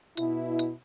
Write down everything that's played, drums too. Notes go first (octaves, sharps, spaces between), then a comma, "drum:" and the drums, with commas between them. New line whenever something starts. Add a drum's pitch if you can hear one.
B2 E4, drum: hi-hat
drum: hi-hat